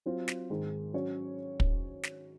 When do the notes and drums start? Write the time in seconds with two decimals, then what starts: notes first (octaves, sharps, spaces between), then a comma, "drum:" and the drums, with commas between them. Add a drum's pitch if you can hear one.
0.06 F#3 C4 F4
0.28 drum: snare
0.50 G#2 D#3 G#3
0.93 F#3 C#4 F#4 C#5
1.60 drum: kick
2.04 drum: snare